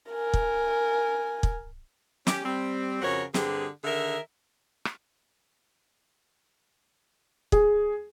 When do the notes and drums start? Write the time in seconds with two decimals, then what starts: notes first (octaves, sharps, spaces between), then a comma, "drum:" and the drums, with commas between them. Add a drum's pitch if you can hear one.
0.11 A#4 G#5
0.34 drum: kick
1.43 drum: kick
2.27 C#4 G4, drum: snare
2.44 G3 C4
3.02 F2 C#3 F#4 A#4 C5 C#5
3.34 G2 D3 C4 G4 G#4, drum: snare
3.84 D3 D#3 G#4 A#4 E5
4.85 drum: rim click
7.52 G#4, drum: kick